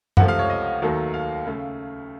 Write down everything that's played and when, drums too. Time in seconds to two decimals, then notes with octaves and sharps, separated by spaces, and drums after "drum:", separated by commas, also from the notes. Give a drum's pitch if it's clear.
0.17 C#2 C3 F3 A3 F#5, drum: tom
0.28 F5
0.39 C#5
0.50 D#5
0.82 D#2 D#3 F#3 A3
1.14 F5
1.47 C#3 A3